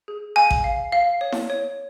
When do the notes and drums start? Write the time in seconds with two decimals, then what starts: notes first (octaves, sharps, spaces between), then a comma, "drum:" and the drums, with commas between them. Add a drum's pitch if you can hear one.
0.08 G#4
0.36 F5 G#5
0.51 drum: kick A1
0.64 F5
0.92 F5
1.21 C#5
1.32 drum: snare E4
1.50 C#5